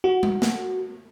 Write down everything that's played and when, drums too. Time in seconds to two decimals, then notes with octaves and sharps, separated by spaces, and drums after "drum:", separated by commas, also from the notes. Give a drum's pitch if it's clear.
0.04 F#4
0.23 drum: tom G3
0.42 drum: snare